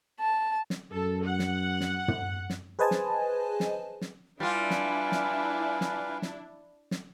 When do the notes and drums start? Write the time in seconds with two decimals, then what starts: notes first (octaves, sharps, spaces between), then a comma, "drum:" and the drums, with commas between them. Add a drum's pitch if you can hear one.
0.20 A5
0.70 drum: snare
0.92 F#2 A4
1.25 F#5
1.39 drum: snare
1.81 drum: snare
2.08 drum: tom
2.50 drum: snare
2.79 G#4 B4 C5 D#5 G#5 A5
2.91 drum: snare
3.60 drum: snare
4.01 drum: snare
4.40 G3 D4 E4 F4 B4 F5 G#5
4.70 drum: snare
5.12 drum: snare
5.81 drum: snare
6.22 drum: snare
6.91 drum: snare